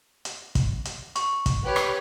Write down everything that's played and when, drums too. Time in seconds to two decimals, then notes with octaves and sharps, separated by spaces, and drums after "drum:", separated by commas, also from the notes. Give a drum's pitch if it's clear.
0.25 drum: hi-hat
0.55 drum: kick, hi-hat
0.85 drum: hi-hat
1.16 C#6, drum: hi-hat
1.46 drum: kick, hi-hat
1.64 G4 B4 C#5
1.76 drum: rim click